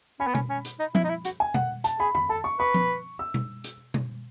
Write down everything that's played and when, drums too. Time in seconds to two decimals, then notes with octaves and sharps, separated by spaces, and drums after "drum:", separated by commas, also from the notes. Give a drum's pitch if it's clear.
0.20 C#4 B5
0.27 B3
0.35 C#4, drum: tom B2
0.49 C#4
0.65 drum: hi-hat
0.80 D#4
0.95 E4, drum: tom F3
1.04 D#4
1.09 E4
1.25 F#4, drum: hi-hat
1.40 G#5
1.54 F#5, drum: tom B2
1.84 A5, drum: hi-hat
1.99 G#4 B5
2.15 B5, drum: tom
2.29 A4 A5
2.44 C#6
2.59 B4 C#6
2.74 drum: tom F3
3.19 E6
3.34 drum: tom B2
3.64 drum: hi-hat
3.94 drum: tom B2